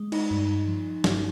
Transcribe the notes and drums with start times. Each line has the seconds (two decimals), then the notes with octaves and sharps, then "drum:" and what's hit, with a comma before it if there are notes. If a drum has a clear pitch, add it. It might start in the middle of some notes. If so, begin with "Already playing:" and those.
Already playing: G#3
0.12 D#4, drum: cymbal
0.31 G2
0.67 F3
1.04 G2, drum: snare